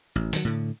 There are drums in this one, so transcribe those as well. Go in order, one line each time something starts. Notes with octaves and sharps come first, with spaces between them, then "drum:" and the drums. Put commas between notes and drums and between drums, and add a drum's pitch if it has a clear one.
A1
D#3 E3 F#3, drum: open hi-hat
A2 D3